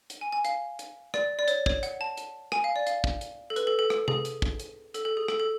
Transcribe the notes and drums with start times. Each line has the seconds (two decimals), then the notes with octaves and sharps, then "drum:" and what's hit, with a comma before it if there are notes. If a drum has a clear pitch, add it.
0.10 drum: hi-hat
0.21 G#5
0.32 G#5
0.45 F5, drum: hi-hat
0.79 drum: hi-hat
1.14 D5, drum: rim click
1.39 D5
1.48 C#5, drum: hi-hat
1.66 C#5, drum: kick
1.83 F#5, drum: hi-hat
2.01 A5
2.17 drum: hi-hat
2.52 G#5, drum: rim click
2.64 F5
2.76 D5
2.87 F5, drum: hi-hat
3.04 drum: kick
3.21 drum: hi-hat
3.50 A4
3.56 B4, drum: hi-hat
3.67 A4
3.79 A4
3.90 drum: rim click
4.08 G#4, drum: tom C3
4.25 drum: hi-hat
4.42 drum: kick
4.59 drum: hi-hat
4.94 A4, drum: hi-hat
5.05 A4
5.17 G#4
5.28 A4, drum: rim click
5.40 A4